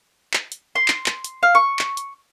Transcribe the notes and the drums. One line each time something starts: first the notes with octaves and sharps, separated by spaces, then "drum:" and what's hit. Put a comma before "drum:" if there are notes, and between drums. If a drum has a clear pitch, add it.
drum: clap
drum: hi-hat
C6
drum: clap
drum: clap
drum: hi-hat
F5
C#6
drum: clap
drum: hi-hat